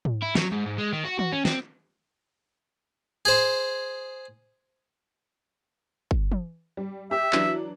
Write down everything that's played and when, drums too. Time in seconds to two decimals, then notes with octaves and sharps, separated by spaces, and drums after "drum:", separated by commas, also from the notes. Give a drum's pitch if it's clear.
0.05 drum: tom
0.23 E4
0.35 F#3, drum: snare
0.52 G#2
0.66 G#2
0.78 G#3
0.93 D#3
1.05 F#4
1.19 F#4, drum: tom
1.33 C#4
1.45 C4, drum: snare
3.25 G#4 C5
6.11 drum: kick
6.32 drum: tom
6.77 G3
7.11 G4 E5
7.33 E3 F#3 D4, drum: clap